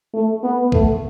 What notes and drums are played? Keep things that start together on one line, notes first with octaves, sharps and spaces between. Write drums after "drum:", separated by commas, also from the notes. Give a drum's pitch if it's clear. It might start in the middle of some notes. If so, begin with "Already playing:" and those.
A3
B3
A3, drum: kick A#1